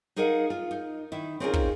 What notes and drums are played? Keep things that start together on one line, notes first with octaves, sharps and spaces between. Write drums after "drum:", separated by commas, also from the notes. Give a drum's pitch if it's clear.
D#4 G#4 A#4 D#5 F5 F#5
F4
D#4
D#3 E4
C4 C#4 D#4 F4 G#4 A#4
drum: kick